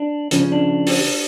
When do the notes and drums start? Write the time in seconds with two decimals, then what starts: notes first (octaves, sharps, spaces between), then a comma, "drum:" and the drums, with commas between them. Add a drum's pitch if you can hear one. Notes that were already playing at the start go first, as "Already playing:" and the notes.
Already playing: D4
0.31 C#3 F3 C#4 D4, drum: hi-hat
0.43 C#4
0.52 D4
0.87 drum: open hi-hat